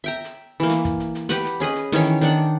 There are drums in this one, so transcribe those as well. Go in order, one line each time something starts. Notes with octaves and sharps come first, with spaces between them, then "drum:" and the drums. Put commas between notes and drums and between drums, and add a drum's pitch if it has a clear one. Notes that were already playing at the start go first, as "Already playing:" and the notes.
E5 G5 A#5
drum: hi-hat
E3 A#3
drum: snare
drum: kick, hi-hat
drum: hi-hat
drum: hi-hat
G4 B4 F#5, drum: snare
drum: hi-hat
C#4 G#4 B4 D#5, drum: hi-hat
drum: hi-hat
D#3 E3 C#4 C#5, drum: snare
drum: hi-hat
D#3 D4 F#5, drum: hi-hat